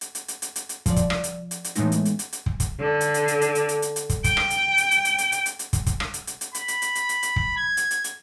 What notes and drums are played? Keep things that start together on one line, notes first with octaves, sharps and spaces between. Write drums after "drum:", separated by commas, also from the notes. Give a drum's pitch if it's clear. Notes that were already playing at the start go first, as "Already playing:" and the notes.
drum: hi-hat
drum: hi-hat
drum: hi-hat
drum: hi-hat
drum: hi-hat
drum: hi-hat
F3 D5, drum: kick, hi-hat
drum: kick, hi-hat
drum: rim click
drum: hi-hat
drum: hi-hat
drum: hi-hat
A2 E3 G#3 A3 B3 D#4, drum: hi-hat
drum: hi-hat
drum: hi-hat
drum: hi-hat
drum: hi-hat
drum: kick
drum: kick, hi-hat
D3
drum: hi-hat
drum: hi-hat
drum: hi-hat
drum: hi-hat
drum: hi-hat
drum: hi-hat
drum: hi-hat
drum: hi-hat
drum: kick, hi-hat
G5, drum: kick, hi-hat
drum: rim click
drum: hi-hat
drum: hi-hat
drum: hi-hat
drum: hi-hat
drum: hi-hat
drum: hi-hat
drum: hi-hat
drum: hi-hat
drum: kick, hi-hat
drum: kick, hi-hat
drum: rim click
drum: hi-hat
drum: hi-hat
drum: hi-hat
B5, drum: hi-hat
drum: hi-hat
drum: hi-hat
drum: hi-hat
drum: hi-hat
drum: hi-hat
drum: kick
G#6
drum: hi-hat
drum: hi-hat
drum: hi-hat